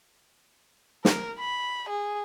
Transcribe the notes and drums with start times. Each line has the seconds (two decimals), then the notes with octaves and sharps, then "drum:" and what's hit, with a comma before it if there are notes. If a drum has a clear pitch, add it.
1.05 A#4, drum: snare
1.39 B5
1.89 G#4